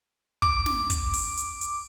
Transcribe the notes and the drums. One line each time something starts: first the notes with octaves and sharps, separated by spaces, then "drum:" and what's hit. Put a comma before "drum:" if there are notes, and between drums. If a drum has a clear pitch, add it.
D6, drum: kick
drum: snare
drum: kick, hi-hat
drum: open hi-hat
drum: hi-hat
drum: hi-hat